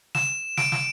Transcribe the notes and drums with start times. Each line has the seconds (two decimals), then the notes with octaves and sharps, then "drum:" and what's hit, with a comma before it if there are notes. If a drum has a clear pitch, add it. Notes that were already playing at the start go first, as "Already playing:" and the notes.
0.15 E7, drum: snare
0.57 D7, drum: snare
0.72 drum: snare